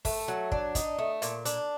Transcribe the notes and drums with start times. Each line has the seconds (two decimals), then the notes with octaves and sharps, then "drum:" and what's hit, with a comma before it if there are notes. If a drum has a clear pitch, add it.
0.05 A3, drum: kick, open hi-hat
0.28 F#3
0.52 D4, drum: kick
0.75 D#4, drum: kick, hi-hat
0.99 A3
1.22 A#2, drum: hi-hat
1.45 D4, drum: hi-hat